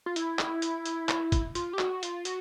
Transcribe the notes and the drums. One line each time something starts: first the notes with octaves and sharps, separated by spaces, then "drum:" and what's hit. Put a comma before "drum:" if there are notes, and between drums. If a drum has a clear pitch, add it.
F4
E4, drum: hi-hat
drum: clap
drum: hi-hat
drum: hi-hat
drum: clap
drum: kick, hi-hat
F4, drum: hi-hat
G4
F#4, drum: clap
F4, drum: hi-hat
F#4, drum: hi-hat